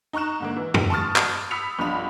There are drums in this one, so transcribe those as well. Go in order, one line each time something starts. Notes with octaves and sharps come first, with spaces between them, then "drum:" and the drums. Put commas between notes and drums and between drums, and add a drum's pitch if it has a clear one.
D#4 A#5 C#6 F#6 E7
G#2 D3 A#3
E3
drum: tom
A5 C6 C#6 D#6 F6 A6
drum: clap
B5 D#6 E6 B6 C#7 F7
B1 G2 F3 F4 B5 F7